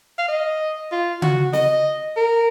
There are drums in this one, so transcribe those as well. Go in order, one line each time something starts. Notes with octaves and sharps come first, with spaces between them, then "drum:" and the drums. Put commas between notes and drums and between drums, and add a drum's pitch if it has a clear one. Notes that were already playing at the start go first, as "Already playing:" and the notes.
F5
D#5
F4
F#4, drum: tom C#3
D#5, drum: snare
A#4